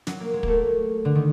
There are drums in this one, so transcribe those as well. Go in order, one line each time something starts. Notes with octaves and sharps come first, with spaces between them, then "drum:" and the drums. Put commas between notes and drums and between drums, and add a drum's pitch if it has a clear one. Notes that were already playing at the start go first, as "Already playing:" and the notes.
F#3, drum: snare
A#3
G#3
A3 A#3, drum: kick
D3
D#3